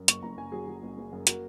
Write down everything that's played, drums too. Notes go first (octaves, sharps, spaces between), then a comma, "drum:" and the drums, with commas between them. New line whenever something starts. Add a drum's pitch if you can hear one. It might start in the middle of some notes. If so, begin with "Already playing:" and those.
Already playing: F#2
F#1 C#6, drum: hi-hat
F#1 A#5
F#1 G#5
F#3 G#4
F#3
F#1
F#1
F#2
A#3 F#4, drum: hi-hat